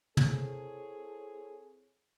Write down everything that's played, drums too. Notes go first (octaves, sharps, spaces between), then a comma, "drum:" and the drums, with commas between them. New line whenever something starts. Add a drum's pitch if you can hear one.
C4 E4 G#4 A4 C#5, drum: tom